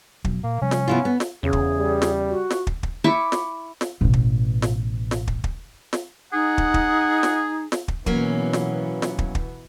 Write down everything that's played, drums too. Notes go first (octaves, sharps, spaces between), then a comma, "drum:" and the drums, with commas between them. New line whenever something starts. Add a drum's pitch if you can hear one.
F2 B2 F#3, drum: kick
A#2 A#3
C3 F3 G3 C#4
drum: snare
B3 E4 F4
B3
drum: snare
E2 C#3 G#4
drum: kick
G3
drum: snare
F#4
drum: snare
drum: kick
drum: kick
E4 C#6 D6
drum: snare
drum: snare
A1 B2
drum: kick
drum: snare
drum: snare
drum: kick
drum: kick
drum: snare
D#4 G#4 F#5
drum: kick
drum: kick
drum: snare
drum: snare
drum: kick
B2 E3 F#3 A#3 B3 C#4, drum: kick
drum: snare
drum: snare
drum: kick
drum: kick